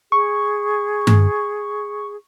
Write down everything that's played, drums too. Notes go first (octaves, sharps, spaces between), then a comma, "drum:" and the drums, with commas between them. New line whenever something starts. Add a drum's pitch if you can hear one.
G#4 C#6
drum: tom G2